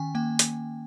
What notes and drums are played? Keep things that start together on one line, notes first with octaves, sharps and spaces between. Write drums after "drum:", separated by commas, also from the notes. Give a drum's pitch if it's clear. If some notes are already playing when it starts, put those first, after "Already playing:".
Already playing: D#3 C#4 G5 G#5
A#3 G5
drum: hi-hat